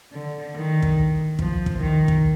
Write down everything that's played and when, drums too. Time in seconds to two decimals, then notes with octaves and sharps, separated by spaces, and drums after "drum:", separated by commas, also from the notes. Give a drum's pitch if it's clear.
0.12 D3
0.55 D#3
0.82 drum: kick
1.39 F3, drum: kick
1.66 drum: kick
1.80 D#3
2.08 drum: kick